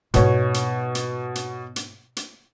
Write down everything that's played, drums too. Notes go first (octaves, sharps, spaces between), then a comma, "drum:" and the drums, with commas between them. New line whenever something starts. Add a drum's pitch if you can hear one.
G#2 B2 B3 C#5, drum: hi-hat
drum: hi-hat
drum: hi-hat
drum: hi-hat
drum: hi-hat
drum: hi-hat